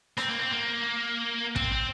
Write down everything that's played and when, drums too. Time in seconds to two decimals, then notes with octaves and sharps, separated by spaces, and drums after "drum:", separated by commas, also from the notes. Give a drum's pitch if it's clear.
0.18 C4, drum: rim click
0.29 A#3
0.40 C4
0.52 A#3
1.56 C4, drum: kick
1.72 C4